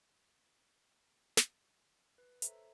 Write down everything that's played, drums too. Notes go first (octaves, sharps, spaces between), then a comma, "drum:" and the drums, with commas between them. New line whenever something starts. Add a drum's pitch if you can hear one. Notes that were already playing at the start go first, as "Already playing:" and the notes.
drum: snare
B4
A4 C5 C#5 E5 A#5, drum: hi-hat